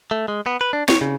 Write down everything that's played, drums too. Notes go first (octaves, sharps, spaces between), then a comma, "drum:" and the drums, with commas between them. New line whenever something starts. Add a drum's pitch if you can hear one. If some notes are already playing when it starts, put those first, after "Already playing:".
A3
G#3
B3
B4
D4
C#5, drum: snare
C#3